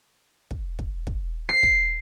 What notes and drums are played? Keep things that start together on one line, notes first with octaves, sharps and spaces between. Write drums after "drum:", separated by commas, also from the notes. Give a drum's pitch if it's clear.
drum: kick
drum: kick
drum: kick
C7
drum: kick